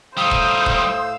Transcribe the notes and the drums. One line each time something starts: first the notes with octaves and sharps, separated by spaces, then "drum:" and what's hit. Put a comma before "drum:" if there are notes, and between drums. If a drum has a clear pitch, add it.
A2 G3 D#4 C5 F5 D#6 E6
drum: kick E1
drum: kick E1